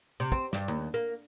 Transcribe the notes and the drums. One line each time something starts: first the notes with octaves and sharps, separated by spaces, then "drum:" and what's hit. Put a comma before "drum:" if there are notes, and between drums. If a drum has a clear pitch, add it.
C3
C4, drum: kick
G2, drum: snare
D#2
A#3